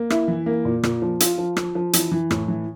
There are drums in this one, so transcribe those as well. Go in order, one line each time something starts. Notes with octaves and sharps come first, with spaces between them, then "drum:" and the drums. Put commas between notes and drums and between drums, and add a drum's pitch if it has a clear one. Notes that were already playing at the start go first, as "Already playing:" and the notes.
Already playing: A#3
E4, drum: rim click
E3
A#3
A#2
A#2, drum: rim click
F3
F4, drum: hi-hat
F3
F3, drum: rim click
F3
E3, drum: hi-hat
E3
A2, drum: rim click
E3